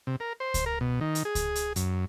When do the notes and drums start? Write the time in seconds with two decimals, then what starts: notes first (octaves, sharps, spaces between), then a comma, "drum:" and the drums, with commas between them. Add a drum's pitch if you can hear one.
0.07 C3
0.20 A#4
0.40 C5
0.54 drum: kick C#2, hi-hat
0.66 A#4
0.81 B2
1.01 D#3
1.15 drum: hi-hat
1.25 G#4
1.35 drum: kick C#2, hi-hat
1.55 drum: hi-hat
1.76 F#2, drum: hi-hat